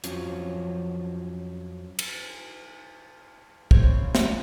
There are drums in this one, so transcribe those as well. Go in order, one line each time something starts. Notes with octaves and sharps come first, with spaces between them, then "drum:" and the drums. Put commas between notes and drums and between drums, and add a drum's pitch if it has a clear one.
F2 F3 F#3 C#4, drum: hi-hat
drum: cymbal
C4 C#5, drum: kick
F#1 C#5
drum: snare
A#3 F4